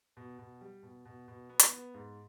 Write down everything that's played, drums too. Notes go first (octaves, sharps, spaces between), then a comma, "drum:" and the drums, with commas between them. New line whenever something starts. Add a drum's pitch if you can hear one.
B2
B2
G3
B2
B2
B2
B3
drum: hi-hat
B3
G#2